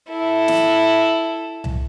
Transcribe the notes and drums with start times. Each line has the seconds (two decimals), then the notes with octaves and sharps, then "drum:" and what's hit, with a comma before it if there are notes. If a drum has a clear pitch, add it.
0.10 E4 A4
0.48 drum: snare
1.64 drum: tom C2